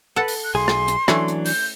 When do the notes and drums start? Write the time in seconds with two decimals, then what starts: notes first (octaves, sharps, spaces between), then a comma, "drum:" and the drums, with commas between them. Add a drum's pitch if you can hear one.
0.16 A4 B4 F#5
0.28 drum: open hi-hat
0.44 F#6
0.55 B1 G#4 C6
0.68 drum: rim click
0.88 drum: hi-hat
1.08 E3 F#3 A3 C#4 D4 E4, drum: rim click
1.28 drum: hi-hat
1.45 G6, drum: open hi-hat